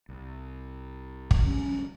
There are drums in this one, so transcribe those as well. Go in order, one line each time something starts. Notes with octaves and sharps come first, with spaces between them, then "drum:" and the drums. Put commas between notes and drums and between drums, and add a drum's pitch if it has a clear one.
C2
drum: kick
D1 F3 G3 C#4